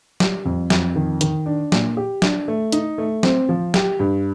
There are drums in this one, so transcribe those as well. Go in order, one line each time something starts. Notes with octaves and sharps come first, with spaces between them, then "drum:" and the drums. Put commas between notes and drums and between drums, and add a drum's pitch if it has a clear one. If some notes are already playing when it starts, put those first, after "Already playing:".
G3, drum: snare
F2
F2, drum: snare
D#3
D#3, drum: hi-hat
D4
A#2, drum: snare
G4
D4, drum: snare
A3
D#4, drum: hi-hat
A3
C4, drum: snare
F3
G4, drum: snare
G2